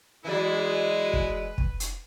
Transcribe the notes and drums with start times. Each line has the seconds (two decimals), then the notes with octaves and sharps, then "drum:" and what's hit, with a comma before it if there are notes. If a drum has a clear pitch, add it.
0.25 E3 F#3 G#3 E4 B4 D5
1.13 drum: kick
1.58 drum: kick
1.80 drum: hi-hat